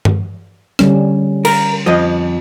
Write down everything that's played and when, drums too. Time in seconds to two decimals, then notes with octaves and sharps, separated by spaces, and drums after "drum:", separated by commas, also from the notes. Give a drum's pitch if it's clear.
0.05 drum: tom G2
0.79 D3 G3 C#4, drum: rim click
1.45 A#4, drum: cymbal
1.86 F2 F3 D#5